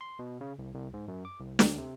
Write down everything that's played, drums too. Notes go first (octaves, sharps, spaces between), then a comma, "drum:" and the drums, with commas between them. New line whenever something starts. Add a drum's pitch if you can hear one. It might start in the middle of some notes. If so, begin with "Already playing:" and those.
C6
B2
C#3
C2
C2
G#2
F#2
D6
C2
D2, drum: snare
C3